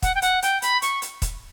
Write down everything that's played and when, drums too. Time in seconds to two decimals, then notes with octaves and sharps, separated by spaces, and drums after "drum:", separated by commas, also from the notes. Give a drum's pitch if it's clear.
0.02 F#5, drum: kick, hi-hat
0.15 G5
0.22 F#5, drum: hi-hat
0.42 G5, drum: hi-hat
0.62 B5, drum: hi-hat
0.82 C#6, drum: hi-hat
1.02 drum: hi-hat
1.22 drum: kick, hi-hat